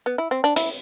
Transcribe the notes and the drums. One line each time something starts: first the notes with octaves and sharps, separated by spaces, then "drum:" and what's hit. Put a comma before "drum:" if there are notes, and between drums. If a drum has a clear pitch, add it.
B3
E4
C4
D4
E4, drum: hi-hat